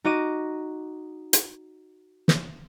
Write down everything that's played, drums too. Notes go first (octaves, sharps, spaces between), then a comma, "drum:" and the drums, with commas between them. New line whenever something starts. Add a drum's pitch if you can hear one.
D#4 F#4 D#5 D6 D#7
drum: hi-hat
drum: snare